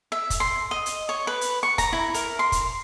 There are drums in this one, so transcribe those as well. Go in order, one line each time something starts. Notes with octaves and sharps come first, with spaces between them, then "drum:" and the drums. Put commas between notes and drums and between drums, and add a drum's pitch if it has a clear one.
E5
drum: kick, hi-hat
C6
D#5
drum: hi-hat
C#5
B4
drum: hi-hat
C#6
A#5, drum: kick, hi-hat
E4
A#4, drum: hi-hat
C6
drum: kick, hi-hat